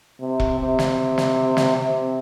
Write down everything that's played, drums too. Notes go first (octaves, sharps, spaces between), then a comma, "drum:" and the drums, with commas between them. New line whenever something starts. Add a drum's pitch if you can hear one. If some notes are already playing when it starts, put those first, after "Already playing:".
C3
drum: kick E1
C3
drum: snare
drum: snare
drum: snare
C3